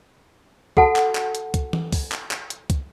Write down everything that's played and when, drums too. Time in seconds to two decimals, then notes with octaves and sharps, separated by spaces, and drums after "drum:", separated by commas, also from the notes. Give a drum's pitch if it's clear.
0.77 F#4 A4 F#5 A5, drum: kick
0.96 drum: clap
1.15 drum: clap
1.35 drum: hi-hat
1.54 drum: kick, hi-hat
1.73 drum: tom E3
1.93 drum: kick, open hi-hat
2.12 drum: clap
2.31 drum: clap
2.50 drum: hi-hat
2.70 drum: kick, hi-hat